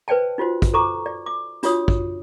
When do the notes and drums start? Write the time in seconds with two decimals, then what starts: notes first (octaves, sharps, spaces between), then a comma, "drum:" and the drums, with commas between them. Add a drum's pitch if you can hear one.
0.08 B4 C5 D5 G5 A5
0.38 D#4 F4 F#4 C5
0.62 drum: kick, hi-hat
0.74 A4 C5 A#5 C#6 D6
1.06 D5
1.26 D6
1.63 D4 F4 F#4 C#5 D#6, drum: hi-hat
1.88 drum: kick